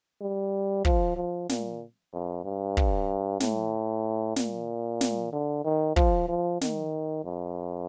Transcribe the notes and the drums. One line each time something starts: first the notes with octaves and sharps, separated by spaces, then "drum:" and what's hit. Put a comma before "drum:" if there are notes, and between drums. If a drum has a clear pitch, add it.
G3
F3, drum: kick
F3
A#2, drum: snare
F2
G2
drum: kick
A2, drum: snare
A#2, drum: snare
drum: snare
D3
D#3
F3, drum: kick
F3
D#3, drum: snare
F2